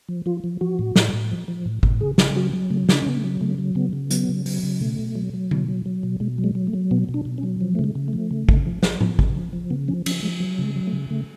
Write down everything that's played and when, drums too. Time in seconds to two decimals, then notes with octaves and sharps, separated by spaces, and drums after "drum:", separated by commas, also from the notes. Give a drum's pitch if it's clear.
0.09 F3
0.26 F3 F4
0.44 F3
0.61 F3 F#4
0.79 A2
0.96 A2, drum: snare
1.13 A2
1.31 F3
1.48 F3
1.66 A2
1.83 A2, drum: kick
2.01 C#3 G#4
2.18 C#3, drum: snare
2.36 F#3 F#4
2.53 F#3
2.70 C#3 A3
2.89 C#3 D4, drum: snare
3.00 C#4
3.06 C#3 B3
3.17 A3
3.24 F#3
3.41 C#3 A3
3.58 F#3
3.75 C#3 B3
3.93 C#3
4.11 F#3 B3, drum: hi-hat
4.29 C#3
4.46 F#3, drum: open hi-hat
4.63 C#3
4.81 B2 A3
4.99 B2
5.15 F#3
5.33 F#3
5.51 B2, drum: tom D3
5.68 F#3
5.86 F#3
6.03 B2
6.20 B2 G#3
6.38 F#3
6.44 G#3
6.55 F#3
6.67 A3
6.74 F#3
6.91 B2 B3
7.09 B2
7.14 D4
7.25 B2
7.38 C#4
7.43 F#3
7.61 F3
7.75 C#3 A3
7.84 G#3
7.95 C#3
8.08 A3
8.13 F3
8.31 C#3
8.49 C#3, drum: kick
8.66 F3
8.83 F3, drum: snare
9.01 F3, drum: tom A2
9.19 C#3, drum: kick
9.35 F3
9.53 F3
9.71 C#3 B3
9.88 F3 C#4
10.06 F3 C#4, drum: cymbal
10.23 F3 G#3
10.40 F#3
10.59 C#3 G#3
10.76 F#3
10.87 A3
10.93 C#3
11.10 C#3 A3